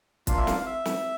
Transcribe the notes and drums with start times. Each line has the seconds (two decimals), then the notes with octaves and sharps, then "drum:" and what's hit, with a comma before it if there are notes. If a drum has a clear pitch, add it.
0.27 A#3 D4 F4 F5, drum: kick, hi-hat
0.37 E5
0.47 F5, drum: snare
0.60 F5
0.66 E5
0.85 drum: snare